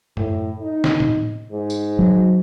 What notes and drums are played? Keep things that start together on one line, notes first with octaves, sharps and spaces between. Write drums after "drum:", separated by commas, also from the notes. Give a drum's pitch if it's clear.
A2, drum: tom F#2
D#4
drum: snare
drum: tom A2
G#2
drum: tambourine
F#3